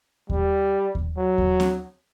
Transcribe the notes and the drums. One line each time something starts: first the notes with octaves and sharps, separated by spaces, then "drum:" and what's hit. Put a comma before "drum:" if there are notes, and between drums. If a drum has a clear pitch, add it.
G3, drum: kick D#2
drum: kick D#2
F#3
drum: kick D#2
drum: snare C4